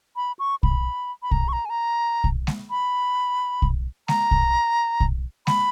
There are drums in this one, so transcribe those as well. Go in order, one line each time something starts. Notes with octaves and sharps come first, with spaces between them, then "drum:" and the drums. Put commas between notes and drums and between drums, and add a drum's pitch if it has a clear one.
B5
C#6
B5, drum: kick
B5
A#5, drum: kick
C#6
A#5
G#5
A#5
drum: kick
drum: snare G#3
B5
drum: kick
A#5, drum: snare G#3
drum: kick
drum: kick
B5, drum: snare G#3